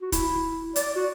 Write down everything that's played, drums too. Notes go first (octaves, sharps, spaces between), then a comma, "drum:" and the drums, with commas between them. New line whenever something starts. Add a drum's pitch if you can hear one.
F#4
E4, drum: kick, hi-hat
D5, drum: hi-hat
F#4